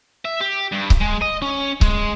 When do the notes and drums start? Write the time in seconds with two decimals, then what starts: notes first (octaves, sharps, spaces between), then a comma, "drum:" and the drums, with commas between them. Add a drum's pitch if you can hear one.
0.25 E5
0.40 G4
0.72 G2
0.90 drum: kick C#1
1.01 G#3
1.21 D#5
1.42 C#4
1.81 G#3, drum: kick C#1